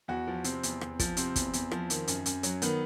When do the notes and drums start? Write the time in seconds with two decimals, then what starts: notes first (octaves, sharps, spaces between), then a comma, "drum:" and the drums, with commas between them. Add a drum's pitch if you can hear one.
0.08 E2 F#4
0.27 F3
0.44 C3 C4, drum: hi-hat
0.63 E2, drum: hi-hat
0.81 E2, drum: rim click
0.99 F3, drum: kick, hi-hat
1.17 C3 C4, drum: hi-hat
1.36 E2, drum: kick, hi-hat
1.53 E2, drum: hi-hat
1.71 F3, drum: rim click
1.90 D#3, drum: hi-hat
2.08 F#2, drum: hi-hat
2.26 F#2, drum: hi-hat
2.43 F#3, drum: hi-hat
2.62 D#3 B3, drum: hi-hat